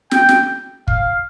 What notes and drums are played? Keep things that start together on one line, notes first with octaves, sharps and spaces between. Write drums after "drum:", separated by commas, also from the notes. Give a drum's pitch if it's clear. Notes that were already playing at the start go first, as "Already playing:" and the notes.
G5, drum: snare
drum: snare
F5, drum: kick